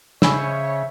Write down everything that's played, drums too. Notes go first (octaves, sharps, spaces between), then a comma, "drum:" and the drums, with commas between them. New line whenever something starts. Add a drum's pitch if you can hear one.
C#3 C5 C#5 D#5 E5 G#5 B5 E6, drum: snare